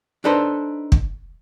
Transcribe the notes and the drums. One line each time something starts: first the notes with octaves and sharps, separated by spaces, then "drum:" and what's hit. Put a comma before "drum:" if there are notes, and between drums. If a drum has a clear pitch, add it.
D4 D#4 A4 B4 C5
drum: kick